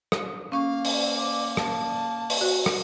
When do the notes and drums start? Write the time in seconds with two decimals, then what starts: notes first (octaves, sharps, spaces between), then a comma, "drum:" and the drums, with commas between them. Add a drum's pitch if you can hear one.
0.12 drum: rim click
0.52 A#3 C#4 F5 C#6
0.85 drum: open hi-hat
1.18 D6
1.57 A5, drum: rim click
2.30 drum: open hi-hat
2.41 F#4
2.66 drum: rim click